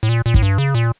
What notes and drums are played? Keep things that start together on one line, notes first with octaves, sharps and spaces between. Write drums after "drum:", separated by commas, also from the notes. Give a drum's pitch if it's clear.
A2
A#2
A#2
A2, drum: kick
G2
C#3
A#2